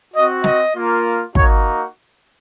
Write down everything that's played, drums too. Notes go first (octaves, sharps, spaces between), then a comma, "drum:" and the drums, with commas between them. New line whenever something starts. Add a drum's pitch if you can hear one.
C4 F#4 D#5
D#5, drum: snare
A#3 F4
A#3 D#4 F#4 C#5, drum: kick